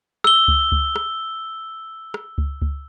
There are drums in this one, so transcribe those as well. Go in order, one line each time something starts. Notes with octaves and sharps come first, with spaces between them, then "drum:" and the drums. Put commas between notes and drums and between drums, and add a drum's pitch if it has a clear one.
E6 G7, drum: rim click
drum: kick C#2
drum: kick C#2
drum: rim click
drum: rim click
drum: kick C#2
drum: kick C#2